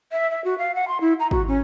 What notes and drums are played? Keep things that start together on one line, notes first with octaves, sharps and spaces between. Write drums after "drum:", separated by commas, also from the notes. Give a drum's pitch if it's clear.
E5
E5
F#4
F5
F#5
C6
E4
A#5
F#4, drum: kick
C#4